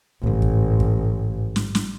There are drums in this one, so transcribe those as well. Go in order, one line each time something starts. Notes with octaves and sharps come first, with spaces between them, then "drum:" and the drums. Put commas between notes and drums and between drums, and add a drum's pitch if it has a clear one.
A1 G#2 D3
drum: kick
drum: kick
drum: snare
drum: snare